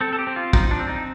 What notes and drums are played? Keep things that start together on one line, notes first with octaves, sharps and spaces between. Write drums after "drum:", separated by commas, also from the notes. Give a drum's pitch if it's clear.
C4 A4
A4
G4
C4
F4
F3 D#4, drum: kick
D4
C4
D#4